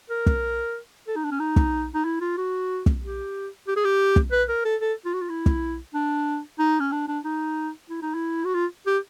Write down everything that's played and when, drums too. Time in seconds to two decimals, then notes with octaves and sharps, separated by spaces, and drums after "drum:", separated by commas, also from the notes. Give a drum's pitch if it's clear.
0.10 A#4
0.26 drum: kick
1.07 A4
1.16 D#4
1.24 D4
1.32 C#4
1.40 D#4
1.56 drum: kick
1.94 D#4
2.05 E4
2.21 F4
2.38 F#4
2.86 drum: kick
3.02 G4
3.68 G4
3.76 G#4
3.84 G4
4.16 drum: kick
4.32 B4
4.49 A#4
4.65 A4
4.81 A4
5.05 F4
5.13 F#4
5.21 F4
5.30 E4
5.46 drum: kick
5.94 D4
6.59 D#4
6.80 C#4
6.92 D4
7.08 D4
7.24 D#4
7.90 E4
8.02 D#4
8.15 E4
8.45 F#4
8.54 F4
8.87 G4